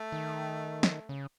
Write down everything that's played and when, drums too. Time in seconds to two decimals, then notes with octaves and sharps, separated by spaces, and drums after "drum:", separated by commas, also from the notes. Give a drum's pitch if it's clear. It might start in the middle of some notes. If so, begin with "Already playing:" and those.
Already playing: A3
0.12 D#3
0.83 drum: snare
1.09 C#3